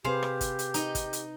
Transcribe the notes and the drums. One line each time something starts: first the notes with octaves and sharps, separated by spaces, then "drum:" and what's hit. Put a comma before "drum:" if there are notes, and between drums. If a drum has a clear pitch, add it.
C3 C4 G4 G#4 B4 C5 F5
drum: rim click
drum: kick, hi-hat
drum: hi-hat
D#4 D#5, drum: hi-hat
drum: kick, hi-hat
drum: hi-hat